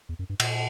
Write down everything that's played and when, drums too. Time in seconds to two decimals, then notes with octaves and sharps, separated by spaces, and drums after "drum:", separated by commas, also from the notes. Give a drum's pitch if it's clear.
0.09 E2
0.19 F#2
0.30 G2
0.40 A#2, drum: cymbal